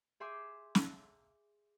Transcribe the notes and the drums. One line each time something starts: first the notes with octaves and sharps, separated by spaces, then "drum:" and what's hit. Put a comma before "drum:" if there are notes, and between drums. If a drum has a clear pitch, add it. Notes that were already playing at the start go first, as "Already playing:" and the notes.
G#4 E5 G#5 C6 D6 G6
drum: snare